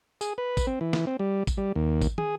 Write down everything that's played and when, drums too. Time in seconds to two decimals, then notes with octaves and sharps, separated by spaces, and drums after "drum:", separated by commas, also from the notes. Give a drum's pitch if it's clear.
0.21 G#4, drum: tambourine
0.38 B4
0.57 drum: kick, tambourine
0.67 C4
0.81 E3
0.93 drum: snare
1.07 C4
1.19 G3
1.47 drum: kick, tambourine
1.57 G3
1.76 D#2
2.02 drum: kick, tambourine
2.18 G#4, drum: tom